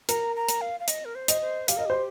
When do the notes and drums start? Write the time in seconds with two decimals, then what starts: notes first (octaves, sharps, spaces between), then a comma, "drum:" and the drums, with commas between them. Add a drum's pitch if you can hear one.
0.09 A#4 A#5, drum: hi-hat
0.36 A#5
0.49 drum: hi-hat
0.61 F5
0.80 F5
0.88 D#5, drum: hi-hat
1.05 A#4
1.15 C5
1.28 D#5, drum: hi-hat
1.42 C5
1.68 G4 F5, drum: hi-hat
1.77 A#4 D#5
1.86 G4 C5